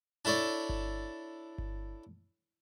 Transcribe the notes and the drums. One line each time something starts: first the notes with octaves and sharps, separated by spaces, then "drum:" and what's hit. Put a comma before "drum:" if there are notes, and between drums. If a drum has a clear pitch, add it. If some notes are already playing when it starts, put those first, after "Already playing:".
D4 E4 A4 C#5 D5
drum: kick G1
drum: kick G1